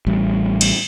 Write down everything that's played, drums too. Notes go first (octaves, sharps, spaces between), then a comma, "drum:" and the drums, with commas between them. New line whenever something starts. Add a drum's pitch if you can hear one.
A1 G3
drum: cymbal